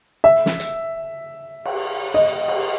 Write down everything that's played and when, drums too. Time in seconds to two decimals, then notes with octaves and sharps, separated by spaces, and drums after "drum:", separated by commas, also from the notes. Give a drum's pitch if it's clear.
0.24 E5
0.46 drum: snare
0.60 drum: hi-hat
1.65 drum: cymbal
2.14 D#5
2.48 drum: cymbal